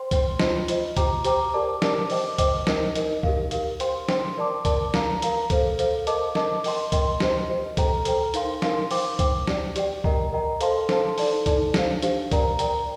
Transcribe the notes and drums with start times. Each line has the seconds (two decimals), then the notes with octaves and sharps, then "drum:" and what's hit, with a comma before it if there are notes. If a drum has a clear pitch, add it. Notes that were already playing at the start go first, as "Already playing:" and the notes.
Already playing: C5 G5 C6
0.11 C5 G5 C6, drum: kick C#2, hi-hat
0.39 F4 C5 D#5, drum: snare
0.68 F4 C5 D#5, drum: hi-hat
0.97 G4 C5 G5 A#5 D6, drum: kick C#2, hi-hat
1.25 G4 C5 G5 A#5 D6, drum: hi-hat
1.54 G4 A#4 D5 A5 D6
1.82 G4 A#4 D5 A5 D6, drum: snare
2.10 C5 D#5 G5 D6, drum: open hi-hat
2.38 C5 D#5 G5 D6, drum: kick C#2, hi-hat
2.67 D#4 A#4 D#5, drum: snare
2.95 D#4 A#4 D#5, drum: hi-hat
3.23 G4 A#4 F5, drum: kick C#2
3.51 G4 A#4 F5, drum: hi-hat
3.80 C5 G5 C6, drum: hi-hat
4.09 C5 G5 C6, drum: snare
4.37 A#4 D5 A5 D6
4.65 A#4 D5 A5 D6, drum: kick C#2, hi-hat
4.94 A#4 F5 A#5, drum: snare
5.22 A#4 F5 A#5, drum: hi-hat
5.50 A4 C5 F5, drum: kick C#2, hi-hat
5.79 A4 C5 F5, drum: hi-hat
6.07 A#4 D#5 A5 D6, drum: hi-hat
6.35 A#4 D#5 A5 D6, drum: snare
6.64 A#4 D#5 G5 C6, drum: open hi-hat
6.92 A#4 D#5 G5 C6, drum: kick C#2, hi-hat
7.20 G4 C5 D#5, drum: snare
7.49 G4 C5 D#5
7.77 A4 C5 G5 A#5, drum: kick C#2, hi-hat
8.05 A4 C5 G5 A#5, drum: hi-hat
8.34 D#4 A#4 F5 C6, drum: hi-hat
8.62 D#4 A#4 F5 C6, drum: snare
8.91 C5 G5 D6, drum: open hi-hat
9.19 C5 G5 D6, drum: kick C#2, hi-hat
9.47 G4 D5 G5, drum: snare
9.76 G4 D5 G5, drum: hi-hat
10.04 A#4 D#5 G5 A#5, drum: kick C#2
10.32 A#4 D#5 G5 A#5
10.61 A4 C5 F5 A5 C6, drum: hi-hat
10.89 A4 C5 F5 A5 C6, drum: snare
11.18 D#4 A4 D5 A5, drum: open hi-hat
11.46 D#4 A4 D5 A5, drum: kick C#2, hi-hat
11.74 D4 G4 C5 F5, drum: snare
12.02 D4 G4 C5 F5, drum: hi-hat
12.31 A#4 D5 G5 A#5, drum: kick C#2, hi-hat
12.59 A#4 D5 G5 A#5, drum: hi-hat